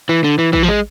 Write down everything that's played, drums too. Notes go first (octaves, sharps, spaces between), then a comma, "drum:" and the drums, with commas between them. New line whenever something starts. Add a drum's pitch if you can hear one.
E3
D3
E3
E3, drum: kick
F3
G#3